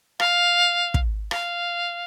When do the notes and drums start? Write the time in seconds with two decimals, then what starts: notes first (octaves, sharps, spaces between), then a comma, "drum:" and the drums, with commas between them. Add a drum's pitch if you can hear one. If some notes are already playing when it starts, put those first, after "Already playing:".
0.20 F5, drum: rim click
0.94 drum: kick
1.31 F5, drum: rim click